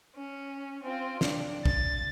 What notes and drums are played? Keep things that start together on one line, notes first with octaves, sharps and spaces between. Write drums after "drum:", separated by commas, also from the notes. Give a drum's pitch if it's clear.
C#4
C4 F4
D4, drum: snare
A6, drum: kick A#1